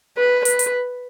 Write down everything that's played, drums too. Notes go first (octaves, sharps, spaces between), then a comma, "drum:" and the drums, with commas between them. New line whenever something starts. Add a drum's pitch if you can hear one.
B4
B4, drum: hi-hat
drum: hi-hat